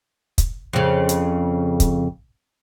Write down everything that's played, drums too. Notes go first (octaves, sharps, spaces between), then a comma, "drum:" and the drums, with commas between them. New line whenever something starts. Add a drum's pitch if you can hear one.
drum: kick, hi-hat
F2 C#3
drum: hi-hat
drum: kick, hi-hat